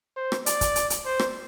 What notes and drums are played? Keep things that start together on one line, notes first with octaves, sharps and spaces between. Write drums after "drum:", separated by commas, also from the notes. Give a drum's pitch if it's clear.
C5
drum: rim click
D5, drum: hi-hat
drum: kick, hi-hat
drum: hi-hat
drum: hi-hat
C5
drum: rim click